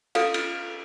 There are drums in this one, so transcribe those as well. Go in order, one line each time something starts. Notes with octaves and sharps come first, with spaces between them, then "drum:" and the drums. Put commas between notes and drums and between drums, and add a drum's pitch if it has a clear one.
A4 F5, drum: cymbal
drum: cymbal